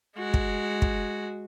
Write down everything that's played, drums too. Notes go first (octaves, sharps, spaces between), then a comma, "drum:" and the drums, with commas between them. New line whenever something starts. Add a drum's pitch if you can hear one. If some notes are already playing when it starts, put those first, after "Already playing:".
G#3 F#4
drum: kick
drum: kick